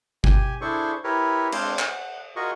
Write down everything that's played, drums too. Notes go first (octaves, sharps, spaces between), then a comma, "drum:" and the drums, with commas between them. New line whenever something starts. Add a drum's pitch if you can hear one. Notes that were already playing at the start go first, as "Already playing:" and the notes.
G4 G#5, drum: kick G1
D4 E4 G#4 A4 C5 C#6
E4 G4 A#4 B4 C#5
G#3 C4 D4 F5 G5 C6, drum: cymbal
drum: clap
F#5
F4 F#4 G#4 A#4 D#5 C#6